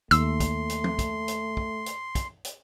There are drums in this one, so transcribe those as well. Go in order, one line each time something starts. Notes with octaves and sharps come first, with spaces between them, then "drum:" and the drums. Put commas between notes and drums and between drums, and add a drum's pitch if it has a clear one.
D#2 A3 C6 E6, drum: hi-hat
drum: kick, hi-hat
drum: hi-hat
drum: tom
drum: kick, hi-hat
drum: hi-hat
drum: kick
drum: hi-hat
drum: kick, hi-hat
drum: hi-hat